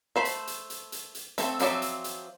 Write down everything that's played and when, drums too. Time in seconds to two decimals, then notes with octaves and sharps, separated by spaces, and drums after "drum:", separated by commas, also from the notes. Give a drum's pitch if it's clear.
0.16 A3 C5 B5
0.25 drum: hi-hat
0.47 drum: hi-hat
0.70 drum: hi-hat
0.92 drum: hi-hat
1.15 drum: hi-hat
1.38 A3 C4 A4, drum: hi-hat
1.59 F3 F#3 C4 D5 E5, drum: hi-hat
1.82 drum: hi-hat
2.04 drum: hi-hat